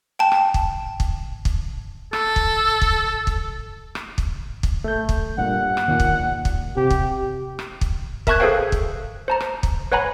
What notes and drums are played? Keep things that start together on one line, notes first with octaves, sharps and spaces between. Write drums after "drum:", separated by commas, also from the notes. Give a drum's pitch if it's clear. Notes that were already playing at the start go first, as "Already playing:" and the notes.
G5 A5
drum: rim click
drum: kick
drum: kick
drum: kick
A4, drum: rim click
drum: kick
drum: kick
drum: kick
drum: rim click
drum: kick
drum: kick
A3 G6
drum: kick
G2 A#2 F#5
drum: rim click
D#2 A#2
drum: kick
drum: kick
C3 G4
drum: kick
drum: rim click
drum: kick
A#4 E5 A5 C#6 F#6 G#6, drum: kick
G#4 A4 B4 C5 F5 G5
drum: kick
C5 A5 A#5
drum: rim click
drum: kick
B4 C#5 F#5 G#5 A#5 B5